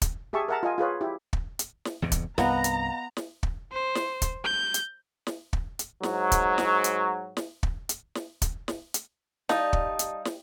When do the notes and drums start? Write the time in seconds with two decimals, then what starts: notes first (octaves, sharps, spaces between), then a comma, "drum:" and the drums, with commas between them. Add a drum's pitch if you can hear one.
0.02 drum: kick, hi-hat
0.33 G4 G#4 E5 A5 C#6
0.48 A#4 E5 F#5 A5 A#5
0.63 F4 D#5 G#5
0.78 F4 G#4 B4 C#5
1.01 E4 G4
1.33 drum: kick
1.59 drum: hi-hat
1.85 drum: snare
2.02 E2 G#2 C3
2.12 drum: kick, hi-hat
2.38 C2 G2 B3 D#5 F5 A#5, drum: snare
2.64 drum: hi-hat
3.17 drum: snare
3.43 drum: kick
3.72 C5
3.95 drum: snare
4.22 drum: kick, hi-hat
4.44 G6
4.74 drum: hi-hat
5.27 drum: snare
5.53 drum: kick
5.79 drum: hi-hat
6.03 G#2 F#3, drum: snare
6.32 drum: kick, hi-hat
6.58 drum: snare
6.84 drum: hi-hat
7.37 drum: snare
7.63 drum: kick
7.89 drum: hi-hat
8.15 drum: snare
8.42 drum: kick, hi-hat
8.68 drum: snare
8.94 drum: hi-hat
9.49 G3 D#4 F5 A5 D#6, drum: snare
9.73 drum: kick
9.99 drum: hi-hat
10.25 drum: snare